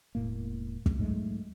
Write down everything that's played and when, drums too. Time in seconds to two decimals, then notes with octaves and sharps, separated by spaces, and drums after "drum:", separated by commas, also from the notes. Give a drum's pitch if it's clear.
0.15 E1 A2 A#3
0.86 drum: kick
0.99 G#2 F#3 G#3 A3